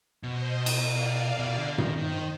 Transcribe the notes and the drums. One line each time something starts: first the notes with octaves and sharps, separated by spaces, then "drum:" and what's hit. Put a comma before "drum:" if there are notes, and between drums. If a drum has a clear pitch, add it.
B2 C5 D#5
drum: cymbal
D5 F5
B2
D3
D#3, drum: tom G2
D#3 C5 D#5